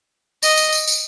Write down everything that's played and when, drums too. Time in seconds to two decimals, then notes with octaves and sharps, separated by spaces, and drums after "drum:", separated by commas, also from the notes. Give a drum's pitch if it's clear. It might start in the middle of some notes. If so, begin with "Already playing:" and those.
0.43 D#5, drum: tambourine
0.57 drum: tambourine
0.72 drum: tambourine
0.88 drum: tambourine